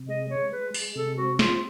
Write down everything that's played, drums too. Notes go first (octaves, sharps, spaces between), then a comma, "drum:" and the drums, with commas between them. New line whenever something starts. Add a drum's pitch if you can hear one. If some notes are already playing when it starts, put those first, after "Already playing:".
Already playing: C3
G#3 D#5
G#3 C#5
G#3 B4
G#3, drum: open hi-hat
C3 A4
C4 F#4
G#3 F4, drum: snare